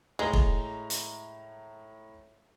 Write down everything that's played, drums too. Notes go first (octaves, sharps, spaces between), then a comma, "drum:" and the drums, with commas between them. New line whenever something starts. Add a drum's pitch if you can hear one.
A2 G#3 A#5 G7
drum: kick
drum: hi-hat